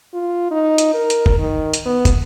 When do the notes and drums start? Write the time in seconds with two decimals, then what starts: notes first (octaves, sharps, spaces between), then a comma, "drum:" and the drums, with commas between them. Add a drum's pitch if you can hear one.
0.14 F4
0.51 D#4
0.78 drum: hi-hat
0.94 A#4
1.10 drum: hi-hat
1.26 drum: kick
1.39 D#3
1.74 drum: hi-hat
1.86 B3
2.05 drum: kick, hi-hat